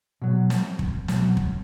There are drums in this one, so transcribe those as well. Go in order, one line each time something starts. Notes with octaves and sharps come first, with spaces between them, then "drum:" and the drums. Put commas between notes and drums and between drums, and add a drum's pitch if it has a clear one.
B2 F#3
drum: snare
drum: kick
B2 F#3, drum: snare
drum: kick